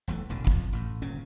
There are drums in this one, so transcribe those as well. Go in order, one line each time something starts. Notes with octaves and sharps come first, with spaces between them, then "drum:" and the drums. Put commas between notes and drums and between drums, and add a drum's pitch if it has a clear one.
E1 B1 E3 A3
E1 A1 B2 D3
F2 F3, drum: kick
A1 A2
G1 A#2 C#3 C#4